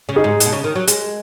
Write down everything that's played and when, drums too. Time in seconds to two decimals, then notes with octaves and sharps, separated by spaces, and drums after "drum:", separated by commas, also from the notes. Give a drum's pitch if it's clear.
0.09 C#3
0.16 D#4 G#4
0.24 G#2
0.40 G#2, drum: hi-hat
0.46 B2
0.52 C#3
0.64 D#3
0.75 F#3
0.87 G#3, drum: hi-hat